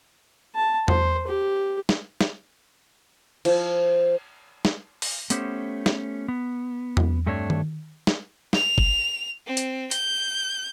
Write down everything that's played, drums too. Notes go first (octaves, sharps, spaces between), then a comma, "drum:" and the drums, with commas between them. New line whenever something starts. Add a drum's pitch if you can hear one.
A5
C5, drum: tom E2
G4
drum: snare
drum: snare
F3, drum: cymbal
drum: snare
drum: open hi-hat
A3 B3 C#4 G4 C5, drum: hi-hat
drum: snare
B3
drum: tom E2
G2 A3 C4 D4 C#5
drum: tom D#3
drum: snare
F7, drum: snare
drum: kick
C4
drum: hi-hat
G6, drum: hi-hat